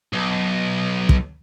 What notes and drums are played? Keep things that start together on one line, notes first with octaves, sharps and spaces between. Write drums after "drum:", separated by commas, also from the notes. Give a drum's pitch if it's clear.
B1
drum: kick